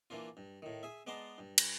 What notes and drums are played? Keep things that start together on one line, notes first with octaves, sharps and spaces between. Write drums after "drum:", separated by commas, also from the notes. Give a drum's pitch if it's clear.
E3 A#3 D4 F4
G2
A2 D#3
G#4 E5
G#3 B3 D5 A5 A#5 C6
G2
drum: cymbal